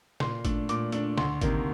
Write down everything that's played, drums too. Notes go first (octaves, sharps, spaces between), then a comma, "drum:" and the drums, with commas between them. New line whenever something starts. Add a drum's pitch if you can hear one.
A#2 C6, drum: snare
A3 D4, drum: kick G#1, hi-hat
A#2 D6, drum: hi-hat
A3 D4, drum: hi-hat
D2 C6, drum: snare
C3 D#3 A#3, drum: kick G#1, hi-hat